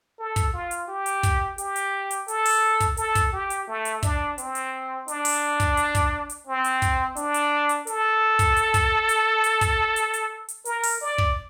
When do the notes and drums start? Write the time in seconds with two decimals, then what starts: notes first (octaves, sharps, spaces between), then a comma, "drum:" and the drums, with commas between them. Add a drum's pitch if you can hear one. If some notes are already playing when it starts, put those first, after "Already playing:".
0.19 A4
0.36 drum: kick, hi-hat
0.54 F4
0.71 drum: hi-hat
0.88 G4
1.06 drum: hi-hat
1.23 drum: kick, hi-hat
1.58 G4, drum: hi-hat
1.76 drum: hi-hat
2.11 drum: hi-hat
2.28 A4, drum: hi-hat
2.45 drum: open hi-hat
2.80 drum: kick, hi-hat
2.97 A4, drum: hi-hat
3.15 drum: kick, hi-hat
3.33 G4
3.50 drum: hi-hat
3.68 A3
3.85 drum: hi-hat
4.03 D4, drum: kick, hi-hat
4.38 C4, drum: hi-hat
4.55 drum: hi-hat
5.08 D4, drum: hi-hat
5.25 drum: open hi-hat
5.60 drum: kick, hi-hat
5.77 drum: hi-hat
5.95 drum: kick, hi-hat
6.30 drum: hi-hat
6.47 C4
6.64 drum: hi-hat
6.82 drum: kick, hi-hat
7.16 D4, drum: hi-hat
7.34 drum: hi-hat
7.69 drum: hi-hat
7.87 A4, drum: hi-hat
8.39 drum: kick, hi-hat
8.56 drum: hi-hat
8.74 drum: kick, hi-hat
9.09 drum: hi-hat
9.44 drum: hi-hat
9.61 drum: kick, hi-hat
9.96 drum: hi-hat
10.14 drum: hi-hat
10.48 drum: hi-hat
10.65 A#4, drum: hi-hat
10.83 drum: open hi-hat
11.01 D5
11.18 drum: kick